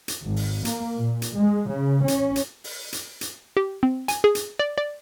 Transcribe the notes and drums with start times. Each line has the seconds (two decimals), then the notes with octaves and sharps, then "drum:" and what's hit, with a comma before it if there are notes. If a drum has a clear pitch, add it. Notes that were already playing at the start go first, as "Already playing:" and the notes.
0.08 drum: hi-hat
0.24 G#1
0.36 drum: open hi-hat
0.65 A#3, drum: hi-hat
0.98 A#2
1.22 drum: hi-hat
1.37 G#3
1.72 C#3
2.08 C#4, drum: hi-hat
2.36 drum: hi-hat
2.64 drum: open hi-hat
2.93 drum: hi-hat
3.21 drum: hi-hat
3.57 G4
3.83 C4
4.08 G#5, drum: hi-hat
4.24 G#4
4.35 drum: hi-hat
4.59 D5
4.78 D5